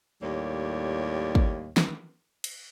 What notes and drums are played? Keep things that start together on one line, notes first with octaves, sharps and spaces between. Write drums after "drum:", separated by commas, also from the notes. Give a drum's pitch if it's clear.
D#2 A2 G3 A#3 C#5
drum: kick
drum: snare
drum: cymbal